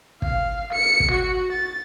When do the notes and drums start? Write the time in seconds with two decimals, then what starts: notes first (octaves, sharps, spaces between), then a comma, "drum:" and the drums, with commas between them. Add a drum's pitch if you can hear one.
0.22 F5, drum: kick
0.73 C#7
1.00 drum: kick
1.11 F#4
1.52 A6